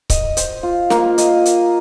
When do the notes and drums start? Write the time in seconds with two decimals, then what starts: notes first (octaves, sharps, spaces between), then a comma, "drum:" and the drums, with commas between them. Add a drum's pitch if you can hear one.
0.10 D#5, drum: kick C#1, hi-hat
0.37 C5, drum: hi-hat
0.63 F4
0.90 A#3, drum: snare
1.18 D#5, drum: hi-hat
1.46 drum: hi-hat